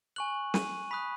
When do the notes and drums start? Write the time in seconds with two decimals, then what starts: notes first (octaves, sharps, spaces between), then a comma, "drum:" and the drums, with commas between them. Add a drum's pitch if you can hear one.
0.16 G#5 C#6 F#6 F#7
0.54 D#7, drum: snare
0.91 B5 D#6 F#6 B6